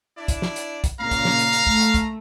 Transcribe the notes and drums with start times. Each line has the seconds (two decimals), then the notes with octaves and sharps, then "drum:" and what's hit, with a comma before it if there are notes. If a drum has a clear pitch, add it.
0.18 D4 E4 D5
0.28 drum: kick A#1, hi-hat
0.42 drum: snare
0.56 drum: hi-hat
0.84 drum: kick A#1, hi-hat
1.01 A#2 C#3 A#3 F5 A#5
1.11 drum: kick A#1, hi-hat
1.25 drum: snare
1.39 drum: hi-hat
1.53 drum: hi-hat
1.67 A3, drum: kick A#1
1.81 drum: hi-hat
1.94 drum: kick A#1, hi-hat